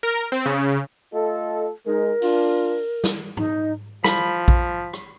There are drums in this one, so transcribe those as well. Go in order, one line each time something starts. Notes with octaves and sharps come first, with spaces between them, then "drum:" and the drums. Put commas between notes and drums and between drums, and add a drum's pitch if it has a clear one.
A#4
C4
C#3
A3 F4 A4 D#5
G#3 D#4 A#4
D4 F4, drum: open hi-hat
drum: snare
D#4, drum: tom G#2
F3 B5, drum: snare
drum: kick A#1
drum: rim click